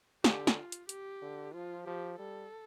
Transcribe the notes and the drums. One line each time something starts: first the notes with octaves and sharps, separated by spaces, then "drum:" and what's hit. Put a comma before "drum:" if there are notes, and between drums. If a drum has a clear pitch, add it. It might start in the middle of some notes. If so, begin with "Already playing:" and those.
D3 G4, drum: snare
drum: snare
F4
drum: hi-hat
G4, drum: hi-hat
D3
F3 F4
F3 G4
G3 A4